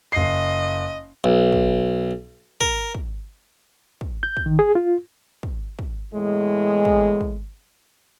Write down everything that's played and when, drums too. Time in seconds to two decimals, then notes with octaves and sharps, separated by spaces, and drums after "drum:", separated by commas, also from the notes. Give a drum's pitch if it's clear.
0.12 F#1 D#5 C7
1.24 B1
1.52 drum: kick
2.61 A#4, drum: kick
2.95 drum: kick
4.01 drum: kick
4.23 G6
4.37 drum: kick
4.46 D#3
4.59 G#4
4.75 F4
5.43 drum: kick
5.79 drum: kick
6.14 E2 A2 G#3
6.85 drum: kick
7.21 drum: kick